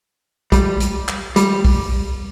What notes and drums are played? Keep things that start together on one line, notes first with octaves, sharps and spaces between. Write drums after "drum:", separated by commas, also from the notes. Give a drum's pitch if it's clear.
G3, drum: kick, hi-hat
drum: hi-hat
drum: clap
G3, drum: hi-hat
drum: kick, open hi-hat